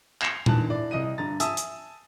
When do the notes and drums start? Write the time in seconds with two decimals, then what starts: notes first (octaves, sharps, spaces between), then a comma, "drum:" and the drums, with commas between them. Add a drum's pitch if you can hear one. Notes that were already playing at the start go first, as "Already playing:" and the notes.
0.22 G6 G#6 A#6 C7 E7 F7, drum: clap
0.46 E2 D3 D#3 A5 F#6, drum: tom A#2
0.69 A2 D5
0.91 C2 D#5 D#6 D#7
1.18 G2 D3 A#5 A6
1.40 E5 G#5 A5 D#6 E6, drum: hi-hat
1.57 drum: hi-hat